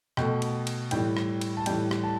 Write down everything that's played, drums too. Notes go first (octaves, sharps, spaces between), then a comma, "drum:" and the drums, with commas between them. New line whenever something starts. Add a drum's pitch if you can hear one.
B2 A3 G5, drum: rim click
drum: cymbal
drum: cymbal
A2 E3 G3 G5, drum: cymbal
drum: rim click
drum: cymbal
A5
A2 E3 G3 G5, drum: cymbal
drum: rim click
A5